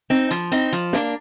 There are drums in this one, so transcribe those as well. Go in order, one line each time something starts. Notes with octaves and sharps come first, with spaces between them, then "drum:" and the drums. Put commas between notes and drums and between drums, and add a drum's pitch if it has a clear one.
C4 D#4
F3, drum: hi-hat
C4 D#4, drum: hi-hat
F3, drum: hi-hat
A#3 D4, drum: snare